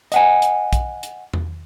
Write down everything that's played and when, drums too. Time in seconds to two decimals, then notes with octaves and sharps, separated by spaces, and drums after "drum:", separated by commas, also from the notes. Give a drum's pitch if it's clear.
0.12 D#5 F#5 G#5, drum: hi-hat
0.42 drum: hi-hat
0.73 drum: kick, hi-hat
1.03 drum: hi-hat
1.33 drum: tom E2